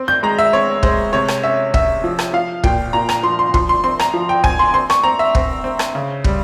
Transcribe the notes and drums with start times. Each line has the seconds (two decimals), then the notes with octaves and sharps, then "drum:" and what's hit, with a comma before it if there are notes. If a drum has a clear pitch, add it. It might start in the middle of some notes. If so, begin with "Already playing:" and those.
Already playing: C4
0.08 G6
0.23 G#3 A#5
0.39 E5
0.53 C4 C#5
0.83 G#3 C5, drum: kick
1.13 C3 C#5
1.28 drum: rim click
1.43 C#4 E5
1.74 C#4 E5, drum: kick
2.04 F3
2.19 drum: rim click
2.33 F3 F5
2.64 A#2 G5, drum: kick
2.93 A#2 A#5
3.09 A#5, drum: rim click
3.23 F3 C6
3.39 C6
3.54 F3 C6, drum: kick
3.69 C6
3.84 C4 C6
4.00 A#5, drum: rim click
4.13 F3
4.29 G5
4.44 C4 G#5, drum: kick
4.59 C6
4.74 C4 C6
4.90 C#6, drum: rim click
5.04 C4 A#5
5.19 E5
5.35 C4, drum: kick
5.64 C4
5.79 drum: rim click
5.95 C#3
6.24 G3, drum: kick